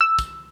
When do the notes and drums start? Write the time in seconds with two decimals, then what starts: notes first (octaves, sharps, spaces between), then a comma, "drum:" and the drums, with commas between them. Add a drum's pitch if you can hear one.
0.01 E6
0.19 drum: kick, tambourine